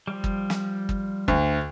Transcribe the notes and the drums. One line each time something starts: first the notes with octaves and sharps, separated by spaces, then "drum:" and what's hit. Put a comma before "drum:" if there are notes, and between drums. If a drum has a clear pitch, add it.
F3 G3
drum: kick
drum: snare
drum: kick
D2, drum: kick